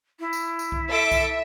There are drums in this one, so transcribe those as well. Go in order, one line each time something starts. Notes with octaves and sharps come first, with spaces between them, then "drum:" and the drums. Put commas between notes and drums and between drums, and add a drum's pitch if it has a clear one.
E4
drum: tambourine
drum: tambourine
drum: kick C2
A4 E5 D6
drum: kick C2, tambourine